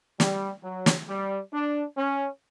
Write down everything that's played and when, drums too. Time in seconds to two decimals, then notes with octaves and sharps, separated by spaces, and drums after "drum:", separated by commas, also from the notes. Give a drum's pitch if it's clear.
0.20 G3, drum: snare
0.64 F#3
0.86 drum: snare
1.09 G3
1.53 D4
1.98 C#4